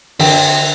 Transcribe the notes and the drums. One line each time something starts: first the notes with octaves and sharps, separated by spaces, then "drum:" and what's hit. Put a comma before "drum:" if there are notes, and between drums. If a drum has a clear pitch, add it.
D3 G5, drum: open hi-hat